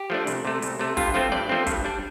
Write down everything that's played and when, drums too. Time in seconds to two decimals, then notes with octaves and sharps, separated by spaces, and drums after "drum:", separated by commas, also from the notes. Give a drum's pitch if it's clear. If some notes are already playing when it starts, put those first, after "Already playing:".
Already playing: G4
0.10 F3 A3 D4
0.27 C2, drum: hi-hat
0.45 C3 A3
0.62 C2, drum: hi-hat
0.79 C3 A3
0.97 G2 F4, drum: kick, open hi-hat
1.14 F3 A3 C4 F4
1.32 G2 D5 G5
1.49 F3 A3 C4
1.67 G2, drum: kick, hi-hat
1.84 G3 D4